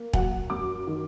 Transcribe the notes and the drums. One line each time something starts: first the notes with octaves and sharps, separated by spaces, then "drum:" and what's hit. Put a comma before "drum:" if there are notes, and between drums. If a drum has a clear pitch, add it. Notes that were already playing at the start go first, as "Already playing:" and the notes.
Already playing: A#3
F#3 F#5, drum: kick
F#2 D6
D#3